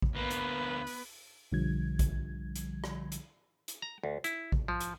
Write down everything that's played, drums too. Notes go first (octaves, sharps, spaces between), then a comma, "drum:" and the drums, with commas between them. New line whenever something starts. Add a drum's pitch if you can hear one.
drum: kick A1
D2 A#3 B3 B4
drum: hi-hat
drum: open hi-hat
B1 D3 F3 G3 G#6
drum: kick A1, hi-hat
drum: hi-hat
drum: rim click
drum: hi-hat
drum: hi-hat
A#5
D2
E4, drum: hi-hat
drum: kick A1
F3
drum: hi-hat